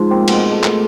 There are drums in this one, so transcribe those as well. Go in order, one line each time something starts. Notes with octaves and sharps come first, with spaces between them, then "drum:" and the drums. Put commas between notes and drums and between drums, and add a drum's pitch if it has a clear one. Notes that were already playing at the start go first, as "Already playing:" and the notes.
Already playing: G#2 F3
A#3 C4
B2 G#3, drum: cymbal
A3
drum: clap